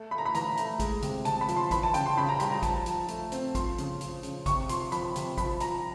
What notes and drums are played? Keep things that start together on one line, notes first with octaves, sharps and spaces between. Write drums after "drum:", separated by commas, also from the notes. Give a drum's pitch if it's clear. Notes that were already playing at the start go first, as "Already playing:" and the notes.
Already playing: A3
A3 B5
A#5
B5
E3 A#5, drum: hi-hat
A3, drum: hi-hat
G#3, drum: kick A1, hi-hat
C3, drum: hi-hat
C3 A5, drum: hi-hat
B5
F3, drum: hi-hat
C6
E3 B5, drum: kick A1, hi-hat
A5
C#3 G5, drum: hi-hat
C6
C#3 B5
A#5
G3 B5, drum: hi-hat
A#5
F3 A5, drum: kick A1, hi-hat
F3, drum: hi-hat
A3, drum: hi-hat
C4, drum: hi-hat
F3 C6, drum: kick A1, hi-hat
C#3, drum: hi-hat
F3, drum: hi-hat
C#3, drum: hi-hat
C3 C#6, drum: kick A1, hi-hat
F3 C6, drum: hi-hat
F3 B5, drum: hi-hat
C3, drum: hi-hat
F3 B5, drum: kick A1, hi-hat
F3 A#5, drum: hi-hat